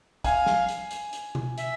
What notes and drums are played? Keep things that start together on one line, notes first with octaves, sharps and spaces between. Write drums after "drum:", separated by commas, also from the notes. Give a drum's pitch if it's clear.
F5 G#5, drum: kick, hi-hat
drum: snare
drum: hi-hat
drum: hi-hat
drum: hi-hat
drum: tom B2
E5, drum: hi-hat